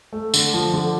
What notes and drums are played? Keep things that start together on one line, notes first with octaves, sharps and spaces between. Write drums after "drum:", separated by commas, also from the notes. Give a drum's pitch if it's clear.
A3
D3, drum: tambourine
F3
D3